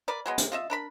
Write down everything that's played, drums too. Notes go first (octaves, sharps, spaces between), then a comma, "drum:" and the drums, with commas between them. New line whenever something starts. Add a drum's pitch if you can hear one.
A#4 B4 D5
F#3 G#3 B3
C3, drum: hi-hat
F4 D#5 E5
D4 A#4 B5